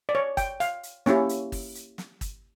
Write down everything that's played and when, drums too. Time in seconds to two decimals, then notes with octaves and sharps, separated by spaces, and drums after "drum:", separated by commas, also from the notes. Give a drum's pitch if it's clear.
0.09 D5
0.15 C#5
0.37 G5, drum: kick, hi-hat
0.60 F5, drum: hi-hat
0.83 drum: hi-hat
1.06 A#3 C#4 E4 G4 C#5, drum: snare
1.29 drum: hi-hat
1.52 drum: kick, open hi-hat
1.75 drum: hi-hat
1.98 drum: snare
2.21 drum: kick, hi-hat